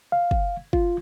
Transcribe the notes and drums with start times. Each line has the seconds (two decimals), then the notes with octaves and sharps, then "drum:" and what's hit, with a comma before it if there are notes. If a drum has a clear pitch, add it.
0.12 F5
0.31 drum: kick
0.73 F4, drum: kick